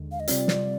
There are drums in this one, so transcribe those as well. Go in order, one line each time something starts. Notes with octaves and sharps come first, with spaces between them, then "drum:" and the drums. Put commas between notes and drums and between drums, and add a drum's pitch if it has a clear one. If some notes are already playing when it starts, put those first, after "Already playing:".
Already playing: D#2 D3 G#3
F5
D#5
C3 G3 C4 F4 D5, drum: hi-hat
drum: snare